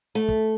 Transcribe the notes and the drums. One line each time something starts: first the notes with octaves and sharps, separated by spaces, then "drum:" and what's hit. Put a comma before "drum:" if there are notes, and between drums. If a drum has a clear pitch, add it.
A3
drum: kick